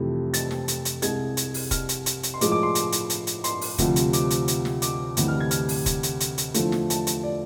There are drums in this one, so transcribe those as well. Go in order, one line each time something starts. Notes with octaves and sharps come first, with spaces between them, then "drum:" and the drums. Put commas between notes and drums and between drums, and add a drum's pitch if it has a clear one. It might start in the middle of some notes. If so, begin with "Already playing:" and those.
Already playing: F2 C3 E3 A3
A6, drum: hi-hat
drum: snare
drum: hi-hat
drum: hi-hat
C2 C3 G#3 G#6, drum: hi-hat
drum: hi-hat
drum: open hi-hat
F6, drum: kick, hi-hat
drum: hi-hat
drum: hi-hat
drum: hi-hat
C6
A2 F3 G#3 D6, drum: hi-hat
D6
C6
drum: hi-hat
drum: hi-hat
drum: hi-hat
drum: hi-hat
C6, drum: hi-hat
drum: open hi-hat
D2 C3 F3, drum: kick, hi-hat
drum: hi-hat
D6, drum: hi-hat
drum: hi-hat
drum: hi-hat
drum: snare
D6, drum: hi-hat
D2 C3 E3, drum: hi-hat
F6
G#6
F6, drum: hi-hat
drum: open hi-hat
drum: kick, hi-hat
drum: hi-hat
drum: hi-hat
drum: hi-hat
E2 D3 F3 A3, drum: hi-hat
drum: snare
A5, drum: hi-hat
drum: hi-hat
D5